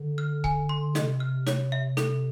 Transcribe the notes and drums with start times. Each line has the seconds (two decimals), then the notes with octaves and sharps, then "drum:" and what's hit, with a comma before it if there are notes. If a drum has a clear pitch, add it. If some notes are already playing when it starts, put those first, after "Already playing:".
Already playing: D3
0.18 F6
0.44 G#5, drum: kick C#1
0.69 C6
0.95 C3 D#5, drum: snare
1.20 F6
1.47 C#5, drum: snare
1.72 E5
1.97 A4, drum: snare